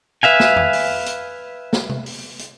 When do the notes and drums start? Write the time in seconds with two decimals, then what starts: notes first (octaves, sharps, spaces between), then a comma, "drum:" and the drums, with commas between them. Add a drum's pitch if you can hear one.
0.23 B4 E5 F5 G#5
0.40 drum: snare
0.56 drum: tom F2
0.73 drum: open hi-hat
1.06 drum: hi-hat
1.73 drum: snare
1.89 drum: tom C3
2.06 drum: open hi-hat
2.39 drum: hi-hat